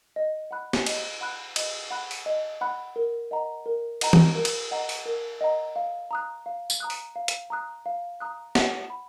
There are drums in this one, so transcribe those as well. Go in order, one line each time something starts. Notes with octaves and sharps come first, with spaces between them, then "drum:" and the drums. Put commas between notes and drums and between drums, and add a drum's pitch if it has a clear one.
D#5
F#5 B5 F#6
drum: snare
D#5, drum: cymbal
F#5 B5 F#6
D#5, drum: cymbal
F#5 B5 F#6
drum: open hi-hat
D#5
F#5 B5 F#6
A#4
D#5 F#5 A#5
A#4
D#5 F#5 A#5, drum: cymbal
drum: tom E3
A#4
drum: cymbal
D#5 F#5 A#5
drum: open hi-hat
A#4
D#5 F#5 A#5
F5
A#5 D#6 F#6
F5
drum: tambourine
A#5 D#6 F#6
drum: open hi-hat
F5
drum: hi-hat
A#5 D#6 F#6
F5
A#5 D#6 F#6
F#5, drum: snare
B5